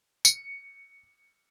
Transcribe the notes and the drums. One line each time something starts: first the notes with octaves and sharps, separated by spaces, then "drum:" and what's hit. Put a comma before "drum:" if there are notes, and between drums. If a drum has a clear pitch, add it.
C#7, drum: tambourine